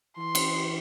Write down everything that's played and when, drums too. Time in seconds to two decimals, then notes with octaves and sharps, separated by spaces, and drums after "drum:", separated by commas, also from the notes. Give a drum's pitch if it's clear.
0.17 E3 C6
0.35 drum: cymbal